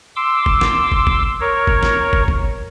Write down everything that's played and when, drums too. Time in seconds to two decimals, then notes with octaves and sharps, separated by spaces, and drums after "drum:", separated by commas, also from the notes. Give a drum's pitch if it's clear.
0.16 C6 D6 E6
0.46 drum: kick
0.61 drum: snare
0.92 drum: kick
1.07 drum: kick
1.41 A#4 C#5
1.67 drum: kick
1.83 drum: snare
2.13 drum: kick
2.28 drum: kick